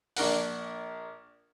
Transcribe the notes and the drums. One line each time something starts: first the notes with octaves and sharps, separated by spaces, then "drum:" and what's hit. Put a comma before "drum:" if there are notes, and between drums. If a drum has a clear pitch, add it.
A#1 D4 A#4 F#5, drum: open hi-hat